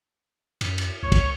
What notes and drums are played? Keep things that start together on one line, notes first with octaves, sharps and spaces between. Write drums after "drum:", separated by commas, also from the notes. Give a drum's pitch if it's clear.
F#2, drum: cymbal
drum: cymbal
C#2 C#5
drum: kick, cymbal